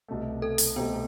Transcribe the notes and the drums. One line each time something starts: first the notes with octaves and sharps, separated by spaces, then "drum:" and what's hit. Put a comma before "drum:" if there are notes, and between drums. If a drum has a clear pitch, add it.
C2 B2 A3
A4
drum: open hi-hat
C2 B2 A3 B3 C4 G4